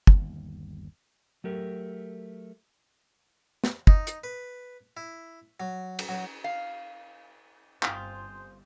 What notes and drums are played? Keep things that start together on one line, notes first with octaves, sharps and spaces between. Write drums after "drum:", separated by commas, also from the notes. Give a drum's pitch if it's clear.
G1 D#2, drum: kick
F#3 A3 G4 A#4
drum: snare
D#4, drum: kick
drum: hi-hat
B4
E4
F#3
drum: cymbal
F#3
F5
G1 C4 F4 C5 G#5 C6 D#6, drum: clap